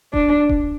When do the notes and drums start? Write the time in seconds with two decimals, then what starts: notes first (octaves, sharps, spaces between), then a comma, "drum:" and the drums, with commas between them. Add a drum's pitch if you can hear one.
0.14 D4, drum: kick D#1
0.49 drum: kick D#1